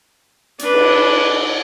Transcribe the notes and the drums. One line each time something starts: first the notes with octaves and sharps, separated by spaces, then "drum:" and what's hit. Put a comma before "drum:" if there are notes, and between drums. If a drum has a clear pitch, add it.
D4 B4, drum: hi-hat
drum: cymbal